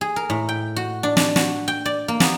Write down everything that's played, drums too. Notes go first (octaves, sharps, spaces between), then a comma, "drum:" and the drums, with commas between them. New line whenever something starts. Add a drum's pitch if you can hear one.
G#4
A#4
A2
G5
F#4
D4
D4, drum: snare
F#4, drum: snare
G5
D5
A#3
B3, drum: snare